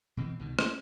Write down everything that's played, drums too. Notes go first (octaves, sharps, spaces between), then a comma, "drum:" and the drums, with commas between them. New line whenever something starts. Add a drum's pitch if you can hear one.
B2 E3 C4
C2 B2 D#3
C#4, drum: rim click